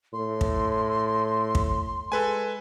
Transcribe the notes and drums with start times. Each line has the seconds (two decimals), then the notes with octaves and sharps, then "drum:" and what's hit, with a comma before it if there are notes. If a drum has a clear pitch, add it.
0.13 A2 C6
0.41 drum: kick
1.55 drum: kick
2.12 G#3 A4 B4 G#5